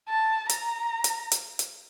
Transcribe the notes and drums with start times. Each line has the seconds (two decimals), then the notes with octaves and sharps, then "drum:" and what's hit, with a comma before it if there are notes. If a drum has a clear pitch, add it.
0.08 A5
0.49 A#5, drum: hi-hat
1.04 drum: hi-hat
1.32 drum: hi-hat
1.59 drum: hi-hat